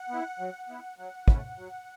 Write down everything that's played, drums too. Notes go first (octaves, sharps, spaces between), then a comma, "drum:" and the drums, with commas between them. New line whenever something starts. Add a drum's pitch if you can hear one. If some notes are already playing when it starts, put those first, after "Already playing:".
Already playing: F#5
B3 E4
F#3
B3 E4
F#3 F#5
A3 C#4 E4, drum: kick
F#3